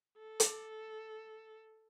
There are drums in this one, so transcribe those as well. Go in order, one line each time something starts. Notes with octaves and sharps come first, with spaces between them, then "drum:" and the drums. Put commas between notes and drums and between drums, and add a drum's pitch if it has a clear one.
A4
drum: hi-hat